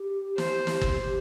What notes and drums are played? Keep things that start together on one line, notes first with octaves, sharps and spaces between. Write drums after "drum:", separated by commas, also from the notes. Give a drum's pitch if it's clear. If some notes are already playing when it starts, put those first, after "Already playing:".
Already playing: G4
C5, drum: snare
drum: snare
drum: kick
G4